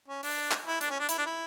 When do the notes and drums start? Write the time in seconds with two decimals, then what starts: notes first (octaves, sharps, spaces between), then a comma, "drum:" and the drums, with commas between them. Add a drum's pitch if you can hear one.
0.08 C#4
0.23 D4, drum: open hi-hat
0.51 drum: clap
0.66 E4
0.81 D4, drum: hi-hat
0.90 C#4
1.00 D4
1.09 E4, drum: hi-hat
1.18 D4
1.26 E4